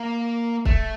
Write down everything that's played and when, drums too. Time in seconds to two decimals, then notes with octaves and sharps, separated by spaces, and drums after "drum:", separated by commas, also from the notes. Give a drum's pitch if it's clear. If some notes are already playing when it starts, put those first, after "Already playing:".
Already playing: A#3
0.66 A3, drum: kick